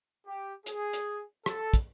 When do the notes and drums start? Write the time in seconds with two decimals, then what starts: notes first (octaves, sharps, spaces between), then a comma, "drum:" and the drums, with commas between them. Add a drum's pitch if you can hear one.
0.27 G4
0.66 G#4, drum: hi-hat
0.93 drum: hi-hat
1.46 A4, drum: rim click
1.74 drum: kick, hi-hat